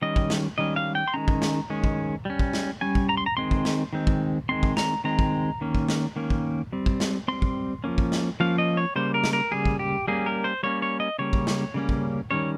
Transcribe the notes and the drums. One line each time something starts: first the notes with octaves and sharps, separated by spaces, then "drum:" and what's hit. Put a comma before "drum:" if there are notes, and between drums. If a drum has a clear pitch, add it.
D#3 G3 C#4 D#5
drum: kick
drum: snare
D#3 G3 C#4 D#5
F5
G5
C6
D#3 G#3 C#4 A#5
drum: kick
drum: snare
D#3 G#3 C#4
drum: kick
G3 C#4
drum: kick
drum: snare
G3 C#4 G#5
drum: kick
A#5
C6
A#5
D#3 G#3 C4 C6
drum: kick
drum: snare
D#3 G#3 C4
drum: kick
D#3 G#3 C4 C6
drum: kick
A#5, drum: snare
D#3 G#3 C4 A#5
drum: kick
D#3 A#3 C#4
drum: kick
drum: snare
D#3 A#3 C#4
drum: kick
G3 C4
drum: kick
drum: snare
G3 C4 C6
drum: kick
F3 A#3 C#4
drum: kick
drum: snare
F3 A#3 C#4 F5
D#5
C#5
C#3 G3 A#3 C5
A#4
drum: snare
A#4
C#3 G3 A#3 G#4
drum: kick
G4
G3 A#3 C#4 G#4
A#4
C5
G3 A#3 C#4 C#5
C#5
D#5
C#3 G3 A#3 C#4 C#5
drum: kick
drum: snare
C#3 G3 A#3 C#4
drum: kick
D#3 G3 C#4 C#5